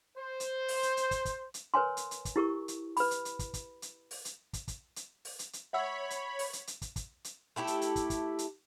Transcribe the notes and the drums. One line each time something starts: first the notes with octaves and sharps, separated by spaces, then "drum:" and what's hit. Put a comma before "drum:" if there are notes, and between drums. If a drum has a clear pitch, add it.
C5
drum: hi-hat
drum: open hi-hat
drum: hi-hat
drum: hi-hat
drum: kick, hi-hat
drum: kick, hi-hat
drum: hi-hat
A#4 B4 C#5 G#5 C6
drum: hi-hat
drum: hi-hat
drum: kick, hi-hat
E4 G4 A#4 C#6
drum: hi-hat
B4 B5, drum: open hi-hat
drum: hi-hat
drum: hi-hat
drum: kick, hi-hat
drum: kick, hi-hat
drum: hi-hat
drum: open hi-hat
drum: hi-hat
drum: kick, hi-hat
drum: kick, hi-hat
drum: hi-hat
drum: open hi-hat
drum: hi-hat
drum: hi-hat
C#5 E5 F#5 B5 E6
drum: hi-hat
drum: open hi-hat
drum: hi-hat
drum: hi-hat
drum: kick, hi-hat
drum: kick, hi-hat
drum: hi-hat
A3 E4 G4 A4
drum: hi-hat
drum: hi-hat
drum: kick, hi-hat
drum: kick, hi-hat
drum: hi-hat